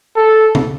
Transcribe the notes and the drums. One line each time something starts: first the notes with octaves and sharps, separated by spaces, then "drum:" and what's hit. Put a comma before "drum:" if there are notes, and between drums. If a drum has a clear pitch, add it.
A4
drum: tom C#3